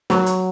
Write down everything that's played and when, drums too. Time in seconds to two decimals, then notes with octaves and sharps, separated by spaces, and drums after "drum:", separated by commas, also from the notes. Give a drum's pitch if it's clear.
0.10 F#3, drum: snare
0.26 drum: hi-hat